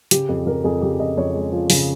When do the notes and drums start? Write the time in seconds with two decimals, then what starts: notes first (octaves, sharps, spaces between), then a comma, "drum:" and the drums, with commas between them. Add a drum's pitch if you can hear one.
0.11 C#3 G4, drum: hi-hat
0.29 F2
0.46 C#3 A#4
0.64 F2 G#4
0.82 C#3 G4
1.00 F2 D#5
1.17 F2 C#5
1.35 G#3
1.52 F3
1.70 C#3, drum: open hi-hat